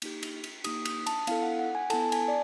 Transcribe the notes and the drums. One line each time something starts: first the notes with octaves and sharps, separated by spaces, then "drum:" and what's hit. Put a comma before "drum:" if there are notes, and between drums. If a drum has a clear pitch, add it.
A#3 D#4 G4, drum: cymbal
drum: cymbal
drum: cymbal
A#3 D#4 G4 D#6, drum: cymbal
D#6, drum: cymbal
A5, drum: cymbal
B3 E4 A4 F5, drum: cymbal
F#5
F#5
G#5
B3 E4 A4 A5, drum: cymbal
A5
G#5, drum: cymbal
D5